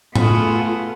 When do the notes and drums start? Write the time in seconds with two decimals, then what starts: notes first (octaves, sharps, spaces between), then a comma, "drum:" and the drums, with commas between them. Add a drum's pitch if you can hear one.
0.15 A3 B3 F4 F#4 G#4 A4, drum: tom A2